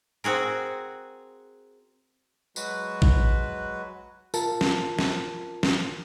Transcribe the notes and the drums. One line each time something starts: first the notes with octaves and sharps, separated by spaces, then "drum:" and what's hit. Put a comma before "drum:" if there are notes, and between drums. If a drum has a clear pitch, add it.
C4 F#4 G#4 A#4
F#3 G#3 F#4 B4, drum: tambourine
drum: kick A1
F4 A#4 A5, drum: tambourine
drum: snare
drum: snare
drum: snare